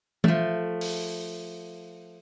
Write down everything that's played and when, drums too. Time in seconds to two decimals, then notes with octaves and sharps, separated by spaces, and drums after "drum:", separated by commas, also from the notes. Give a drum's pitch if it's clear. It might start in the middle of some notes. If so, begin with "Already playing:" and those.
0.24 F3 A3, drum: tom E3
0.81 drum: open hi-hat